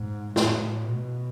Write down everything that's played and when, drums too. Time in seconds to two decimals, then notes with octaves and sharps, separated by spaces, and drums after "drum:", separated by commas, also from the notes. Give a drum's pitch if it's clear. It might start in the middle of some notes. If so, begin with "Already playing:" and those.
Already playing: G#2
0.36 A2, drum: snare
0.86 B2